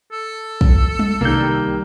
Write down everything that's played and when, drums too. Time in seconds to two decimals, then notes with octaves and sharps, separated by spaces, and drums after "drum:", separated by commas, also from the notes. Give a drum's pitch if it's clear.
0.12 A4
0.61 drum: kick
0.99 drum: tom G3
1.21 C2 D#3 G3 A#3 G6